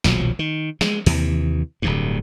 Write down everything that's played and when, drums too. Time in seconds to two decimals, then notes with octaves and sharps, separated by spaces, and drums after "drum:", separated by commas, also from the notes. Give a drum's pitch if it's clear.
0.04 D#1 B1 F3 F#3, drum: snare
0.39 D#3
0.81 G#3, drum: snare
1.06 D#2 C3 E3, drum: open hi-hat
1.82 D1 D2 G2